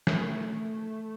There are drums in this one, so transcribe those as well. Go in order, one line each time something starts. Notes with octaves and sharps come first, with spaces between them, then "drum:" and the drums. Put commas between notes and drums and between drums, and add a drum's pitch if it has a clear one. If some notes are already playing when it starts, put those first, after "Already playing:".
A3, drum: snare